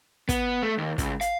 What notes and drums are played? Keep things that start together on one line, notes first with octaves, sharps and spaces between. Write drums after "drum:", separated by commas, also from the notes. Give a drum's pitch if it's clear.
B3, drum: kick, hi-hat
A3
D#2
C#2, drum: kick, hi-hat
F5, drum: hi-hat